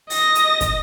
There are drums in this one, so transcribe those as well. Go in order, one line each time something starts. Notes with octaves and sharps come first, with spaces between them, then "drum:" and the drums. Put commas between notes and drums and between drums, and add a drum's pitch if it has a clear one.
D#5 A#6, drum: open hi-hat
drum: hi-hat
drum: kick, hi-hat